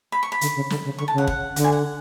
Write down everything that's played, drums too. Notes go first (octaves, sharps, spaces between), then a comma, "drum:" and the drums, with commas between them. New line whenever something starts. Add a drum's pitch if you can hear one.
B5
C#6
B5
D3, drum: hi-hat
C#3
D3, drum: snare
C#3
D3 C#6
A5
C#3 F#5
F#5, drum: kick
D3 F#5, drum: hi-hat
G#5
F#5